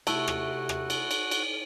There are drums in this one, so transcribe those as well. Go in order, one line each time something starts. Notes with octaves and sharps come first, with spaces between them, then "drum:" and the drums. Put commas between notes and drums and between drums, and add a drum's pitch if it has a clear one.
C3 A3 E4 F#4, drum: cymbal
drum: rim click
drum: rim click
drum: cymbal
drum: cymbal
drum: cymbal